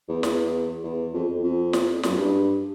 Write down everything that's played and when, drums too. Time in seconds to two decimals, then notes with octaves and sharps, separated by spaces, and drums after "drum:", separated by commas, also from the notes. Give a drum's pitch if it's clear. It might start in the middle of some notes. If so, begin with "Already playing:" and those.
0.08 E2
0.23 E2, drum: snare
0.83 E2
1.13 F2
1.28 F2
1.43 F2
1.73 drum: snare
2.03 F#2, drum: snare
2.18 G2